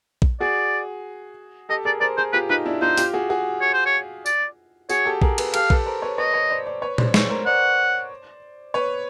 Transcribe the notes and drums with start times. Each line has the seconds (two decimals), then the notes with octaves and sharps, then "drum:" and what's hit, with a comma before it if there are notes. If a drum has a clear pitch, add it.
0.22 drum: kick A#1
0.40 F#4 G#4 D5
1.69 G4 A4 D#5
1.85 G#4 A#4 D5
2.01 A#4 C5 D5
2.17 G#4 A#4 C5
2.33 F4 G4 B4
2.49 D#4 F4 B4
2.66 D4 E4
2.81 D#4 F4 C5
2.97 F4 G4, drum: open hi-hat
3.13 F#4 G#4
3.30 F#4 G#4
3.61 C#5
3.73 C5
3.86 C#5
4.26 D5, drum: tambourine
4.89 F#4 G#4 C#5, drum: tambourine
5.05 G4 A4
5.22 G#4 A#4, drum: kick A#1
5.38 A4 B4, drum: cymbal
5.54 G4 A4 F5, drum: cymbal
5.70 A4 B4, drum: kick A#1
5.86 A#4 C5
6.02 B4 C#5
6.18 B4 C#5 D#5
6.34 B4 C#5
6.50 C5 D5
6.66 C5 D5
6.82 B4 C#5
6.98 C5 D5, drum: tom A#2
7.14 B4 C#5, drum: snare
7.30 A#4 C5
7.46 C5 D5 F#5
8.74 B4 C#5